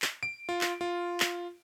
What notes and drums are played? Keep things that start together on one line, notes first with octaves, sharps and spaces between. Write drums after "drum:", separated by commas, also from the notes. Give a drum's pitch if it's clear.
drum: clap
D7
F4
drum: clap
F4
drum: clap